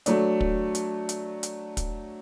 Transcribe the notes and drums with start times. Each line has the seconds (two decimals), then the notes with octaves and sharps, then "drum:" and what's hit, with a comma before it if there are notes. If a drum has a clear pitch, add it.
0.06 F#3 A3 D4, drum: hi-hat
0.41 drum: kick
0.75 drum: hi-hat
1.09 drum: hi-hat
1.43 drum: hi-hat
1.77 drum: kick, hi-hat